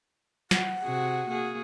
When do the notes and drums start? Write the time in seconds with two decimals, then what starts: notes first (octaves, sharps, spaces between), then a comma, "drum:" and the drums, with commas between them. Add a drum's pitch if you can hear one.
0.51 F#5, drum: snare
0.82 C3 F#4 G#4
1.29 A#3 F#4 G#4